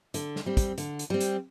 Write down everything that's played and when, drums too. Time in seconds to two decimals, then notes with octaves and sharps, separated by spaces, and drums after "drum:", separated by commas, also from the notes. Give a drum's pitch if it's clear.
0.14 D3, drum: hi-hat
0.36 drum: snare
0.46 G3 C4
0.57 drum: kick, hi-hat
0.78 D3, drum: hi-hat
0.99 drum: hi-hat
1.10 G3 C4
1.20 drum: hi-hat